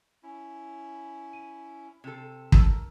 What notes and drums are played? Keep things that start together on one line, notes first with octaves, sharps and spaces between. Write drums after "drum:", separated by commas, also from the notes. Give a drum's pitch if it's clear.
C#4 E4
D#7
C3 A4
D#4 A#4 E6, drum: kick